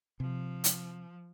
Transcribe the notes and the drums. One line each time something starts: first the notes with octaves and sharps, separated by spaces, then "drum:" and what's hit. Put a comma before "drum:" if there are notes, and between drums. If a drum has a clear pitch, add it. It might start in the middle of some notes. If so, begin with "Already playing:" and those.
C3 F3
drum: hi-hat